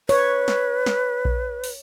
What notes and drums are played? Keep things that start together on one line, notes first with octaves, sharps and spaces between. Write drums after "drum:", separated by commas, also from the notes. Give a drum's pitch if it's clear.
B4 C#5, drum: open hi-hat
drum: snare
drum: snare
drum: kick A#1
drum: open hi-hat